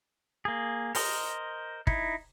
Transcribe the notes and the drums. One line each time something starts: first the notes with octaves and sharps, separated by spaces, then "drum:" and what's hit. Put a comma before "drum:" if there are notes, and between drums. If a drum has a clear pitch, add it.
A#3 G#4
A#4 C5 D#5, drum: open hi-hat
D#4 E4, drum: kick